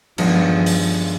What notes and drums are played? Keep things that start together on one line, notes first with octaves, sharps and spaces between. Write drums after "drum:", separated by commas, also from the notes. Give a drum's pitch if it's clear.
G2 D#3 F3 G#3 B3, drum: cymbal
F3
drum: open hi-hat